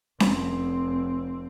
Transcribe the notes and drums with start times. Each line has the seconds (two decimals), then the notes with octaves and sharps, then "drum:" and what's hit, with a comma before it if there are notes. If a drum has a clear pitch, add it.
0.20 F1 C4, drum: snare C#4